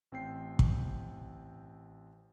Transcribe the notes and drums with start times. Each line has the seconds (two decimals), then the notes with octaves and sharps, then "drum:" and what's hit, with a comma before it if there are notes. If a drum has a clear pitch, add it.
0.12 A1 C4 G5 C7
0.59 drum: kick